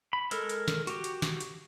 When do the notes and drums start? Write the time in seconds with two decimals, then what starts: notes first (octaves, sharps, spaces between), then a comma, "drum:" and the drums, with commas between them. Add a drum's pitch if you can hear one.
0.13 B5
0.31 G#3 A4 A#4, drum: hi-hat
0.49 drum: hi-hat
0.68 drum: snare
0.87 F#4 G4, drum: hi-hat
1.04 drum: hi-hat
1.22 drum: snare
1.40 drum: hi-hat